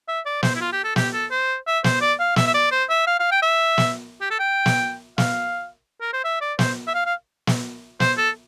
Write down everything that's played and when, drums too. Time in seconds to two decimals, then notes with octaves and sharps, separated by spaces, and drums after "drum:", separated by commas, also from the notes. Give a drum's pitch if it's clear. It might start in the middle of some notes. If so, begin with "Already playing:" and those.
0.08 E5
0.26 D5
0.43 C5, drum: snare
0.56 E4
0.61 F4
0.73 G4
0.84 A4
0.96 G4, drum: snare
1.13 A4
1.31 C5
1.67 E5
1.84 C5, drum: snare
2.01 D5
2.20 F5
2.36 E5, drum: snare
2.47 E5
2.54 D5
2.71 C5
2.90 E5
3.07 F5
3.20 F5
3.31 G5
3.42 E5
3.78 drum: snare
4.21 G4
4.31 A4
4.39 G5
4.66 drum: snare
5.18 F5, drum: snare
6.01 A#4
6.13 C5
6.24 E5
6.41 D5
6.59 C5, drum: snare
6.87 E5
6.94 F5
7.06 F5
7.47 drum: snare
8.00 C5, drum: snare
8.17 A4